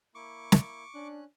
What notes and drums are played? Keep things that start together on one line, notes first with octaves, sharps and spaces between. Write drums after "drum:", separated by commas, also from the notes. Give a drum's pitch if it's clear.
A#3 E4 C#6 D6
drum: snare
C#4 D4 F#6